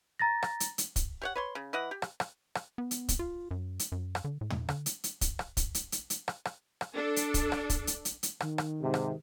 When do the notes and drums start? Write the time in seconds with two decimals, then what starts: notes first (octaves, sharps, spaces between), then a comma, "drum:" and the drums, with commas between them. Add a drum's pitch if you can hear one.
0.19 A#5 A6 A#6
0.43 drum: rim click
0.60 drum: hi-hat
0.78 drum: hi-hat
0.96 drum: kick, hi-hat
1.22 G4 C#5 F#5
1.35 B4 C#5 C6
1.55 C#3
1.73 E3 D#5 F#5
1.91 G4
2.02 drum: rim click
2.20 drum: rim click
2.55 drum: rim click
2.78 B3
2.91 drum: hi-hat
3.09 drum: kick, hi-hat
3.19 F4
3.51 F#2
3.79 drum: hi-hat
3.92 F#2
4.15 drum: rim click
4.24 D3
4.41 A2
4.50 drum: tom
4.69 D3, drum: rim click
4.86 drum: hi-hat
5.04 drum: hi-hat
5.21 drum: kick, hi-hat
5.39 drum: rim click
5.57 drum: kick, hi-hat
5.75 drum: hi-hat
5.92 drum: hi-hat
6.10 drum: hi-hat
6.28 drum: rim click
6.45 drum: rim click
6.81 drum: rim click
6.95 D4 A4
7.16 drum: hi-hat
7.34 drum: kick, hi-hat
7.52 drum: rim click
7.70 drum: kick, hi-hat
7.87 drum: hi-hat
8.05 drum: hi-hat
8.23 drum: hi-hat
8.40 D#3, drum: rim click
8.58 drum: rim click
8.81 G#2 C3
8.94 drum: rim click